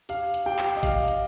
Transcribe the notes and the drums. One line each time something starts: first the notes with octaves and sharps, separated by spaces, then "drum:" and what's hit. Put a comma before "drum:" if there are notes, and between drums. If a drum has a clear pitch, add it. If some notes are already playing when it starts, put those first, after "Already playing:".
G4 F5, drum: hi-hat
drum: hi-hat
G4 G5
drum: clap
D#5
G4 F5, drum: kick G#1, hi-hat
drum: hi-hat